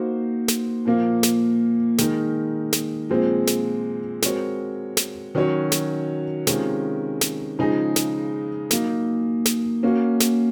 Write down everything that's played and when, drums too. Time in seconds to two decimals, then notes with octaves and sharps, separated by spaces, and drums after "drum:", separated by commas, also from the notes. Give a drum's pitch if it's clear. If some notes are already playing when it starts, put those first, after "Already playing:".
Already playing: A#3 D#4 F#4 C5
0.48 drum: snare
0.85 A#2 F3 A#3
1.23 drum: snare
1.98 D#3 G#3 D#4 A#4, drum: snare
2.73 drum: snare
3.09 A#2 F3 G#3 C4
3.47 drum: snare
4.22 G#3 C4 F#4 A#4 C#5, drum: snare
4.97 drum: snare
5.35 D#3 F#3 C#4 F#4 C#5
5.72 drum: snare
6.47 C3 D#3 G#3 C#4 F4, drum: snare
7.21 drum: snare
7.59 C#3 F3 G#3 D#4 G#4
7.96 drum: snare
8.71 F#3 A#3 D#4, drum: snare
9.46 drum: snare
9.83 A#3 C#4 F#4
10.20 drum: snare